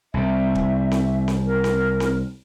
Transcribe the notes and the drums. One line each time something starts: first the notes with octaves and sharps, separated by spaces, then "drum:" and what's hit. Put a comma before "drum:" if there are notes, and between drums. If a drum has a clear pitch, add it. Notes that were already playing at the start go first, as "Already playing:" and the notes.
C2 C3 E5
drum: kick
drum: snare C4
drum: snare C4
A#4
drum: snare C4
drum: snare C4